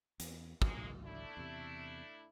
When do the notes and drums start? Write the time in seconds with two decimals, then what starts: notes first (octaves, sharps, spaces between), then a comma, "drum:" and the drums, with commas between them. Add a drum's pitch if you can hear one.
0.20 E2, drum: hi-hat
0.62 G#1 C#2 F#3 G#3 A#3, drum: kick
1.04 A3 D4 E4
1.37 E2 C3